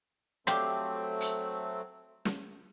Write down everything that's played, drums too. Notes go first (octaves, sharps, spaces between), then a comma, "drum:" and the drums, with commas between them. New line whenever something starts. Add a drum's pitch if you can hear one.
F#3 A3 C4 G4 C5 F5, drum: rim click
drum: hi-hat
drum: snare